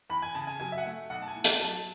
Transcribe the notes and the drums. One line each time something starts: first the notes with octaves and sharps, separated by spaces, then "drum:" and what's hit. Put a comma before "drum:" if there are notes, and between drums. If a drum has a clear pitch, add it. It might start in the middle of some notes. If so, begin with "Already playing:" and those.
E2 B5
G#5
C#3 A5
G#5
F#3 G#5
E5
F#5
A3
B1 F#5
A5
G#5
A2
A5, drum: hi-hat
F#3 A5